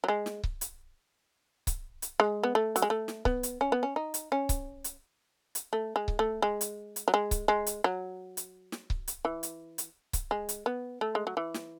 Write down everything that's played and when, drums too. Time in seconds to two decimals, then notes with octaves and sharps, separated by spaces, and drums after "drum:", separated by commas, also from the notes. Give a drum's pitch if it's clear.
0.04 F#3
0.08 G#3
0.26 drum: snare
0.44 drum: kick C#1
0.61 drum: hi-hat
1.67 drum: kick C#1, hi-hat
2.02 drum: hi-hat
2.20 G#3
2.43 B3
2.55 A3
2.76 F#3, drum: hi-hat
2.82 G#3
2.90 A3
3.08 drum: snare
3.25 B3, drum: kick C#1
3.43 drum: hi-hat
3.61 C#4
3.72 B3
3.83 C#4
3.96 D#4
4.14 drum: hi-hat
4.32 C#4
4.49 drum: kick C#1, hi-hat
4.84 drum: hi-hat
5.55 drum: hi-hat
5.73 A3
5.96 G#3
6.08 drum: kick C#1
6.19 A3
6.42 G#3
6.61 drum: hi-hat
6.96 drum: hi-hat
7.08 F#3
7.14 G#3
7.31 drum: kick C#1, hi-hat
7.48 G#3
7.66 drum: hi-hat
7.84 F#3
8.37 drum: hi-hat
8.72 drum: snare
8.90 drum: kick C#1
9.08 drum: hi-hat
9.25 E3
9.43 drum: hi-hat
9.78 drum: hi-hat
10.13 drum: kick C#1, hi-hat
10.31 G#3
10.49 drum: hi-hat
10.66 B3
11.01 A3
11.15 G#3
11.27 F#3
11.37 E3
11.54 drum: snare